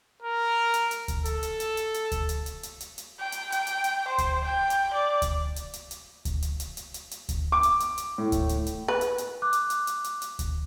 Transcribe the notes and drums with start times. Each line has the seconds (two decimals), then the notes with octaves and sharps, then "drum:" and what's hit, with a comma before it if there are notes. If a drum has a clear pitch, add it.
0.22 A#4
0.74 drum: hi-hat
0.91 drum: hi-hat
1.08 drum: kick D2, hi-hat
1.25 A4, drum: hi-hat
1.43 drum: hi-hat
1.60 drum: hi-hat
1.77 drum: hi-hat
1.94 drum: hi-hat
2.12 drum: kick D2, hi-hat
2.29 drum: hi-hat
2.46 drum: hi-hat
2.63 drum: hi-hat
2.81 drum: hi-hat
2.98 drum: hi-hat
3.20 G5
3.32 drum: hi-hat
3.52 G5, drum: hi-hat
3.67 drum: hi-hat
3.84 drum: hi-hat
4.08 C5
4.18 drum: kick D2, hi-hat
4.44 G5
4.70 drum: hi-hat
4.93 D5
5.22 drum: kick D2, hi-hat
5.56 drum: hi-hat
5.74 drum: hi-hat
5.91 drum: hi-hat
6.25 drum: kick D2, hi-hat
6.42 drum: hi-hat
6.60 drum: hi-hat
6.77 drum: hi-hat
6.94 drum: hi-hat
7.11 drum: hi-hat
7.29 drum: kick D2, hi-hat
7.52 D6
7.63 drum: hi-hat
7.80 drum: hi-hat
7.98 drum: hi-hat
8.18 A2
8.32 drum: kick D2, hi-hat
8.49 drum: hi-hat
8.67 drum: hi-hat
8.88 B4
9.01 drum: hi-hat
9.18 drum: hi-hat
9.42 D6 F#6
9.53 drum: hi-hat
9.70 drum: hi-hat
9.87 drum: hi-hat
10.04 drum: hi-hat
10.22 drum: hi-hat
10.39 drum: kick D2, hi-hat